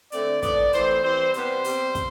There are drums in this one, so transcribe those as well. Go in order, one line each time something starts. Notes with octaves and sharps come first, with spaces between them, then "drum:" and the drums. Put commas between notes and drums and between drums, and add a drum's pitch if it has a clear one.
D3 A3 C4 D5, drum: hi-hat
A2 F3 B3 D5, drum: kick, hi-hat
E3 A3 C4 C5, drum: hi-hat
E3 G3 C4 C5
C3 G3 B3 C5, drum: hi-hat
C3 G3 C4, drum: open hi-hat
drum: kick, hi-hat